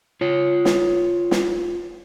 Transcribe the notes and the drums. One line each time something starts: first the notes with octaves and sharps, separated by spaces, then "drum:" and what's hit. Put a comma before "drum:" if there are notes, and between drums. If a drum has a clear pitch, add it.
F4 C#5
drum: snare
drum: snare